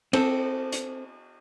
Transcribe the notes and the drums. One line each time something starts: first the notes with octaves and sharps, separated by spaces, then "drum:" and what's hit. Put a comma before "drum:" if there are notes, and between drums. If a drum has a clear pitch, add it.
C4 A4, drum: cymbal
drum: hi-hat